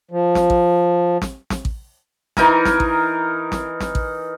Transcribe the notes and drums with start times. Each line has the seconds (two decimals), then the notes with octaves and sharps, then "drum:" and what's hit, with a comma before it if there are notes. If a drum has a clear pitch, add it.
0.11 F3
0.35 drum: snare
0.50 drum: kick A1
1.22 drum: snare
1.50 drum: snare
1.65 drum: kick A1
2.37 E3 D#4 A#4 G#5, drum: snare
2.65 drum: snare
2.80 drum: kick A1
3.52 drum: snare
3.81 drum: snare
3.95 drum: kick A1